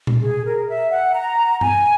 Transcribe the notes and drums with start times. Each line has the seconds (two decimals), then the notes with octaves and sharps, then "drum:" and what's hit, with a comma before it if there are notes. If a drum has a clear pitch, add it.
0.07 drum: tom A#2
0.22 G#4
0.45 A#4
0.69 E5
0.92 F#5
1.14 A#5
1.61 G#5, drum: tom G2